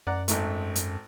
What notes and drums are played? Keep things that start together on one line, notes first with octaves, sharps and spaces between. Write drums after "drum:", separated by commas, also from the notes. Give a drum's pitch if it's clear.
F#2 D5 F#5 A#5
G#1 G#2 A3, drum: hi-hat
drum: hi-hat